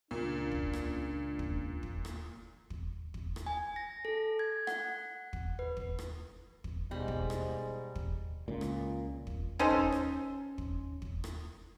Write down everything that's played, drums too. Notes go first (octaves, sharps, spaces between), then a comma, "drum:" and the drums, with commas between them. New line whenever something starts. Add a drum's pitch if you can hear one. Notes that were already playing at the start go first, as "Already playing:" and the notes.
C#2 A#2 D4
drum: kick
drum: rim click
drum: kick
drum: kick
drum: rim click
drum: kick
drum: kick
drum: rim click
G#5
A#6
A4
G#6
F#5, drum: rim click
drum: kick
B4
drum: kick
drum: rim click
drum: kick
G#2 B2 G3
drum: kick
drum: rim click
drum: kick
C#2 A#2
drum: rim click
drum: kick
C#4 D#4 A4 C5
drum: kick
drum: rim click
drum: kick
drum: kick
drum: rim click